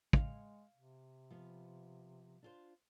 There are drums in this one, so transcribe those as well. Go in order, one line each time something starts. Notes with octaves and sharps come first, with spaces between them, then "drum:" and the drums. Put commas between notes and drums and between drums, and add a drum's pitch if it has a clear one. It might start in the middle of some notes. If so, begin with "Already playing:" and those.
G#3 F5, drum: kick
C3
F3 B3 F5
D4 F4 C5